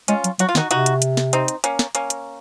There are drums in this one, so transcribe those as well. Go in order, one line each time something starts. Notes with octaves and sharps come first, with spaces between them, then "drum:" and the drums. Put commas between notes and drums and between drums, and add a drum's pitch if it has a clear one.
G#3 C#4 F4, drum: hi-hat
F#3, drum: hi-hat
F#3 F#4, drum: hi-hat
F4
D#3 D#4 F#4, drum: snare
C3 D#4 F#4, drum: hi-hat
drum: hi-hat
drum: hi-hat
drum: snare
C4 D#4, drum: hi-hat
drum: hi-hat
A#3 C#4, drum: hi-hat
drum: snare
A#3 C#4, drum: hi-hat
drum: hi-hat